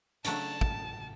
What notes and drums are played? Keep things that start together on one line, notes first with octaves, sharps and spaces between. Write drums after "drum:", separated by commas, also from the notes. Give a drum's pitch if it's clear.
C#3 F#3 A3 D4 A5, drum: hi-hat
drum: kick